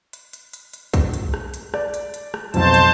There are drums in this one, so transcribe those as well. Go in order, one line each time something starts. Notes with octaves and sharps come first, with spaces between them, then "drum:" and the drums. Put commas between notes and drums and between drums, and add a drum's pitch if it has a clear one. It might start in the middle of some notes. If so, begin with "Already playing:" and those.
drum: hi-hat
drum: hi-hat
drum: hi-hat
drum: hi-hat
drum: kick, hi-hat
drum: hi-hat
drum: rim click
drum: hi-hat
D5, drum: rim click
drum: hi-hat
drum: hi-hat
drum: rim click
B1 F2 C5 A5, drum: hi-hat
drum: hi-hat